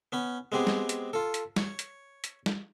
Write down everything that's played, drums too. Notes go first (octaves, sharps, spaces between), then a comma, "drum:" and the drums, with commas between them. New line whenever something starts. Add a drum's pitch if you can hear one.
B3 C#4 B5
G#3 B3 C4 G4 G#4
drum: snare
drum: hi-hat
F4 A4
drum: hi-hat
C#5, drum: snare
drum: hi-hat
drum: hi-hat
drum: snare